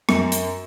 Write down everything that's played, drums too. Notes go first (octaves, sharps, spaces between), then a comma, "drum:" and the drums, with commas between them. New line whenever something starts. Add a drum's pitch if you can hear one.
F#2, drum: rim click
drum: hi-hat